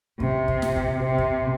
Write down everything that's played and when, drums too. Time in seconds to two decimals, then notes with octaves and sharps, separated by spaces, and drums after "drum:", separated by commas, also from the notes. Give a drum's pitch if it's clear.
0.20 C3, drum: kick
0.48 drum: kick
0.62 drum: snare
0.76 drum: kick
1.04 C3
1.18 drum: kick